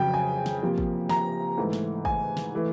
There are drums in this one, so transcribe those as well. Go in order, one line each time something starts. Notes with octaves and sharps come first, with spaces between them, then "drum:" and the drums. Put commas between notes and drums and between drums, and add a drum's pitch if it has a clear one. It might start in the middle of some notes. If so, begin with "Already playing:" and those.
Already playing: F2 C#3 F#3 G5
G#5
drum: snare
C3 F3 A#3
drum: kick
A#5, drum: snare
G#2 E3 A3
drum: snare
G#5, drum: kick
drum: snare
E3 A3